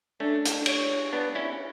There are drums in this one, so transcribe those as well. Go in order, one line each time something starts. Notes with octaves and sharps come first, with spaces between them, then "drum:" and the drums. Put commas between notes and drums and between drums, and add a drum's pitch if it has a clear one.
A3 C#4 D4
drum: hi-hat
C#5, drum: cymbal
B3 D4
C#4 E4